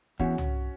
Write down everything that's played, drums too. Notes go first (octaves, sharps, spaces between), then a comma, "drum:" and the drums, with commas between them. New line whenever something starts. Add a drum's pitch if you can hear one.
E2 C#4 F#4, drum: kick
drum: tom